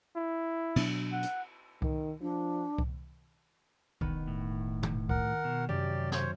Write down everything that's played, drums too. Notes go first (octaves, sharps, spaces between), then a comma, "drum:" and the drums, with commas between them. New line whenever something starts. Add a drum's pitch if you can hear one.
E4
B2 F#3 D4, drum: cymbal
F#5
drum: hi-hat
D#3, drum: kick C2
F3 D4
drum: kick C2
E1 D#3 B3, drum: kick C2
A2
drum: tom
A#4 F#5, drum: kick C2
B2
F#2 C3 G4 D5
C5 C#5, drum: snare